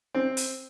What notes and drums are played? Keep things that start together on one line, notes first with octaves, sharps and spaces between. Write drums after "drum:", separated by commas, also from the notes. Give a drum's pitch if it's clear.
C4
drum: hi-hat